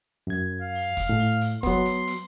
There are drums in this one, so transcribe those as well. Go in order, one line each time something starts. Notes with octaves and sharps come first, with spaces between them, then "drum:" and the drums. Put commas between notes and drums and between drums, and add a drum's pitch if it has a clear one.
F#2 G#6
F5
drum: open hi-hat
drum: kick, hi-hat
A2
drum: open hi-hat
drum: hi-hat
F#3 B3 C6, drum: kick, hi-hat
drum: hi-hat
drum: hi-hat